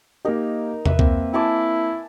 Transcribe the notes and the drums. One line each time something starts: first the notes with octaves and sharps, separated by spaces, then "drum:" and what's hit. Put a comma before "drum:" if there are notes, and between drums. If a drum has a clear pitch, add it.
A#3 D#4 G4 A#4
B4 E5, drum: tom E2
A#3 C4, drum: kick C2
E4 G#5 A5 D6